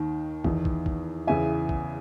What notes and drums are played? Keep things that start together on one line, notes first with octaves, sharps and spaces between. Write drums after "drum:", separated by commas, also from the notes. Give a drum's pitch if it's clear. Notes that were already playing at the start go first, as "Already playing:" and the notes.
Already playing: D#2 D#3
E2 D#3, drum: kick
drum: kick
drum: kick
E2 C#3 E3 E5 G#5
drum: kick